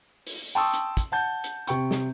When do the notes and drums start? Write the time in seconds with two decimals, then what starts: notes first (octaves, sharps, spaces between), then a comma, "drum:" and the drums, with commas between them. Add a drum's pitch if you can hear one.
0.27 drum: open hi-hat
0.55 G5 A5 C6 C#6 D#6 E6
0.74 drum: hi-hat
0.97 drum: kick, hi-hat
1.12 F#5 A5 G6
1.44 drum: hi-hat
1.67 C3 G5 C#6, drum: hi-hat
1.91 drum: snare